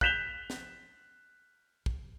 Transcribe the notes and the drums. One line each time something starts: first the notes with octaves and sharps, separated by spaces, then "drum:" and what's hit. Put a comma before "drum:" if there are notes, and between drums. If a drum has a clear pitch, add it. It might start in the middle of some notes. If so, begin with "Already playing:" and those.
F#6 G6 B6 E7 F7 G7, drum: kick
drum: snare
drum: kick